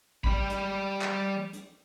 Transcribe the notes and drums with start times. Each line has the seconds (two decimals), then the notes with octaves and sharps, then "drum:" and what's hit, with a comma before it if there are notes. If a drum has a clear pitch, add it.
0.24 G3 B5, drum: kick G#1
0.50 drum: hi-hat
1.01 drum: clap
1.53 drum: hi-hat